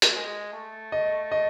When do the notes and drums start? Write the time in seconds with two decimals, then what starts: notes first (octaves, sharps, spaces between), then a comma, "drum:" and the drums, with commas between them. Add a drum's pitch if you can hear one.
0.02 drum: hi-hat
0.14 G#3
0.53 A3
0.92 D#5
1.32 D#5